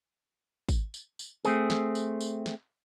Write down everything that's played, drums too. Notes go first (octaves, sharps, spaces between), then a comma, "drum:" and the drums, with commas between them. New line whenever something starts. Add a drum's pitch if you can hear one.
drum: kick, tambourine
drum: tambourine
drum: tambourine
A3 C4 G#4, drum: tambourine
drum: snare
drum: tambourine
drum: tambourine
drum: snare